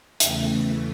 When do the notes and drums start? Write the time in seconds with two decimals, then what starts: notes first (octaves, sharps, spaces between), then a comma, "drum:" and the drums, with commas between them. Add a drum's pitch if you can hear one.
0.20 E2 C#3 E3 A3, drum: hi-hat